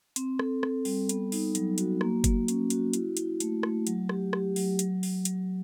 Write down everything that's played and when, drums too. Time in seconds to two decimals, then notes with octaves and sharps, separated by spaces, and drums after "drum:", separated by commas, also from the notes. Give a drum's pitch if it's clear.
0.16 C4, drum: hi-hat
0.39 A4, drum: rim click
0.63 A4, drum: rim click
0.85 G3, drum: open hi-hat
1.09 B3, drum: hi-hat
1.32 D#4, drum: open hi-hat
1.55 F#3, drum: hi-hat
1.78 F#4, drum: hi-hat
2.01 A#3, drum: rim click
2.24 A#3, drum: kick F#1, hi-hat
2.48 C#4, drum: hi-hat
2.70 F#4, drum: hi-hat
2.93 E4, drum: hi-hat
3.17 E4, drum: hi-hat
3.40 A3, drum: hi-hat
3.63 A3, drum: rim click
3.87 F#3, drum: hi-hat
4.09 G4, drum: rim click
4.33 G4, drum: rim click
4.56 F#3, drum: open hi-hat
4.79 F#3, drum: hi-hat
5.03 F#3, drum: open hi-hat
5.25 F#3, drum: hi-hat